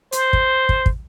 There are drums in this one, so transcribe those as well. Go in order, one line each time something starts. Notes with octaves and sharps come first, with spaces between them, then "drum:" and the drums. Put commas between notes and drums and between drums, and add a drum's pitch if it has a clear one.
C5, drum: hi-hat
drum: kick
drum: kick
drum: kick